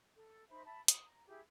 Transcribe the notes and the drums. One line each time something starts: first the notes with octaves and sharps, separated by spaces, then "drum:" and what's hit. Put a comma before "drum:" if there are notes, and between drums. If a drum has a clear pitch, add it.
A4
D#4 C5 E5 B5
E5 A5 B5
D#6, drum: hi-hat
A#5
E4 G4 G#4